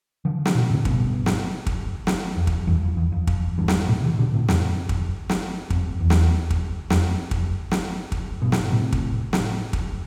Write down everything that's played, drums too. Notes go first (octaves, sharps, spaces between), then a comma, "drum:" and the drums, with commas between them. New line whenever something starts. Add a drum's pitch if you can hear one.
D3 F3
drum: snare
B2 D3
A2 C3
G2 B2, drum: kick
drum: snare
drum: kick
drum: snare
F2
drum: kick
E2 G2
F2
E2
F2
F2, drum: kick
E2 G2
drum: snare
A2 C3
C3 E3
B2 D3
A2 C3
F2, drum: snare
drum: kick
drum: snare
F2, drum: kick
E2
drum: snare
drum: kick
F2, drum: snare
drum: kick
drum: snare
drum: kick
G2 B2
drum: snare
A2 C3
drum: kick
drum: snare
drum: kick